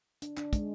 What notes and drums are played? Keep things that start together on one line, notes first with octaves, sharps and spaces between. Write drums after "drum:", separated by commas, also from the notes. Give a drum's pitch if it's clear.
D4, drum: hi-hat
D4, drum: clap
G#3, drum: kick, hi-hat